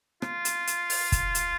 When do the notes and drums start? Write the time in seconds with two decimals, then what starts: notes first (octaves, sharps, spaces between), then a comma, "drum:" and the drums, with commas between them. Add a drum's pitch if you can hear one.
0.22 F4, drum: rim click
0.45 drum: hi-hat
0.67 drum: hi-hat
0.90 drum: open hi-hat
1.12 drum: kick, hi-hat
1.35 drum: hi-hat